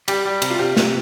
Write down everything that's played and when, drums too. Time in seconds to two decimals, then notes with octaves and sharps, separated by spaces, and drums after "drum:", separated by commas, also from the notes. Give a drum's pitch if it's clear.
0.08 G3 G4, drum: cymbal
0.25 G3
0.42 C3, drum: cymbal
0.50 F4
0.59 C3 G4
0.77 C3, drum: snare